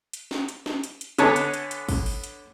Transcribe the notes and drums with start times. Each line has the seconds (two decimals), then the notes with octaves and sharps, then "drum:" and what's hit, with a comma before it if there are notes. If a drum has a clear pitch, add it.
0.13 drum: hi-hat
0.31 drum: snare
0.48 drum: hi-hat
0.66 drum: snare
0.84 drum: hi-hat
1.01 drum: hi-hat
1.19 D3 B3 C#5 G#5 A5, drum: hi-hat
1.36 drum: hi-hat
1.54 drum: hi-hat
1.71 drum: hi-hat
1.89 drum: kick, open hi-hat
2.06 drum: open hi-hat
2.24 drum: hi-hat